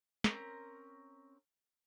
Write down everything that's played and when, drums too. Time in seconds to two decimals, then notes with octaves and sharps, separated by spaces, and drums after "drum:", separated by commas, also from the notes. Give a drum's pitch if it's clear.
0.24 C4 C#4 A#4 A#5, drum: snare